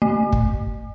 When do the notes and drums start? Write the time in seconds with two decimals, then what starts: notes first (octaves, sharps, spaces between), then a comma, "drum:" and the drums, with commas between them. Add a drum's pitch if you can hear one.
0.02 A3
0.33 drum: kick